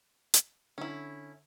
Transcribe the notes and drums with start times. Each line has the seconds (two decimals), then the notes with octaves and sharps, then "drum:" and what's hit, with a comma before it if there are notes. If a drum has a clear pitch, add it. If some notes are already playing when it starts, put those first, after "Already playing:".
0.34 drum: hi-hat
0.78 D3 C#4 E4